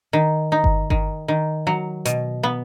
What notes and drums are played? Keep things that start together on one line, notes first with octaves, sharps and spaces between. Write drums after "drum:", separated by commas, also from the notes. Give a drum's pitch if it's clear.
D#3
D#4
drum: kick G1
D#3, drum: kick G1
D#3
F#3
B2, drum: hi-hat
B3